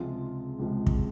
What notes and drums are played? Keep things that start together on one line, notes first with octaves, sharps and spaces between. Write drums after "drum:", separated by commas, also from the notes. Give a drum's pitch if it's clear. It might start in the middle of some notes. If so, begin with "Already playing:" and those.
Already playing: C#2 C3 F3 G#3 F4
C#2 C3 F3 G#3
drum: kick